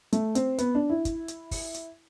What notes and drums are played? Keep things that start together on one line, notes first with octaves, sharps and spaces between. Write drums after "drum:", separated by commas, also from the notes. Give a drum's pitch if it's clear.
A3, drum: hi-hat
C4, drum: hi-hat
B3, drum: hi-hat
D4
E4
drum: kick, hi-hat
drum: hi-hat
drum: kick, open hi-hat
drum: hi-hat